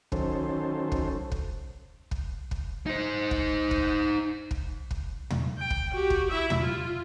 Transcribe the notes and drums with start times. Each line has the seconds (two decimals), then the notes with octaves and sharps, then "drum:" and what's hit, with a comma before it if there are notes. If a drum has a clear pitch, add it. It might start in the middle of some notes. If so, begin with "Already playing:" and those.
0.12 D#3 F#3 C#4 A4 C5, drum: kick
0.92 drum: kick
1.32 drum: kick
2.11 drum: kick
2.51 drum: kick
2.86 D#4 C5
3.31 drum: kick
3.71 drum: kick
4.51 drum: kick
4.91 drum: kick
5.30 drum: tom
5.58 G5
5.70 drum: kick
5.92 F#4 G4
6.10 drum: kick
6.31 E4 E5
6.50 drum: tom
6.61 F4